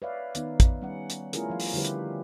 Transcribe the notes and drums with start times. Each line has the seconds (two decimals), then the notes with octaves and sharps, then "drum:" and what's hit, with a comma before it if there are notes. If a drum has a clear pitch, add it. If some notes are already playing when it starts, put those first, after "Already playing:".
0.02 B4 C#5 D5 E5 F5
0.35 D#3 B3 D#4, drum: hi-hat
0.60 drum: kick, hi-hat
0.82 G3 C#4 F#5
1.10 drum: hi-hat
1.33 A3 C#4 E4 F4 G#4 A#4, drum: hi-hat
1.50 F3 F5
1.60 drum: open hi-hat
1.73 D3 G3 E4 G4 B4
1.85 drum: hi-hat